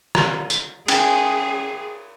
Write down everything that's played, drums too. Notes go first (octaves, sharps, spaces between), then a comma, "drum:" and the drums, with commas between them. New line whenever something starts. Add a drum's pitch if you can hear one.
drum: rim click
drum: tambourine
C#4 G#4 G5 G#5, drum: cymbal